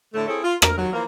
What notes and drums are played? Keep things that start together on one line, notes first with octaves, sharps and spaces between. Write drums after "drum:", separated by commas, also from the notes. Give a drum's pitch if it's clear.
A2 D3 A3
C4 E4 G#4 A4 C#5
F4
A#4, drum: rim click
D#2 F#3
E3 F3 A#3